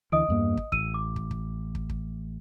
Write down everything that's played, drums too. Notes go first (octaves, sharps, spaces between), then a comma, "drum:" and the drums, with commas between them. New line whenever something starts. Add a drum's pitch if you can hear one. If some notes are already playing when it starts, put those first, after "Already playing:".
D2 D3 E3 D#5 D#6 D7
E2 G2 A#3
drum: kick
A1 E6 D#7, drum: kick
D6
drum: kick
drum: kick
drum: kick
drum: kick